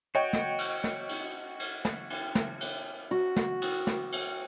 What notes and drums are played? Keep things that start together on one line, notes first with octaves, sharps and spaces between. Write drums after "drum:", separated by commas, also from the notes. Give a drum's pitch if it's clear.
F#4 C#5 D#5 G5
drum: snare
drum: cymbal
drum: snare
drum: cymbal
drum: cymbal
drum: snare
drum: cymbal
drum: snare
drum: cymbal
F#4
drum: snare
drum: cymbal
drum: snare
drum: cymbal